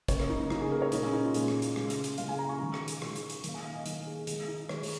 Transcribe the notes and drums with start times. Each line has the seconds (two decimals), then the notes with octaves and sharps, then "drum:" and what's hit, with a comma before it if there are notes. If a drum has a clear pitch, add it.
0.08 C#3 A#3 C#5, drum: kick, hi-hat
0.20 A#4, drum: rim click
0.30 D#4
0.40 D#4
0.50 C#3 A#3 D#4, drum: rim click
0.61 G#4
0.72 A#4
0.82 C#5
0.92 A#2 G#3 D#4, drum: hi-hat
1.03 C#4
1.13 D#4
1.24 F4
1.34 A#2 G#3, drum: hi-hat
1.48 drum: rim click
1.62 drum: hi-hat
1.76 C#3 G#3, drum: rim click
1.90 drum: hi-hat
2.04 drum: hi-hat
2.18 C#3 G#3 F5, drum: hi-hat
2.28 G#5
2.39 A#5
2.49 C#6
2.59 D#3 G#3
2.74 drum: rim click
2.88 drum: hi-hat
3.02 D#3 G#3, drum: rim click
3.16 drum: hi-hat
3.30 drum: hi-hat
3.44 D#3 A#3 F5, drum: hi-hat
3.54 G#5
3.65 F5
3.76 D#5
3.86 D#3 A#3, drum: hi-hat
4.06 G#4
4.27 D#3 G#3 G#4, drum: hi-hat
4.48 D#4
4.69 D#3 G#3 C#5, drum: rim click
4.83 drum: open hi-hat